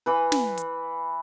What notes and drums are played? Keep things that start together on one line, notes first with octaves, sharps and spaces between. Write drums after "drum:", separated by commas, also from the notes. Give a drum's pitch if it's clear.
E3 B4
drum: snare
drum: hi-hat